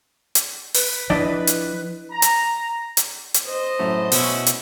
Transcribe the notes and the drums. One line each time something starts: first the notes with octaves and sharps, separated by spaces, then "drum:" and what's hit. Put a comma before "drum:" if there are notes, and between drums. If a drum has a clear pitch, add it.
drum: hi-hat
B4, drum: open hi-hat
F3 D4 E4 D5 D#5
drum: hi-hat
A#5
drum: hi-hat
drum: hi-hat
drum: hi-hat
C5 D#5
F#2 A2 A3
B2 C#4 E4, drum: open hi-hat
drum: hi-hat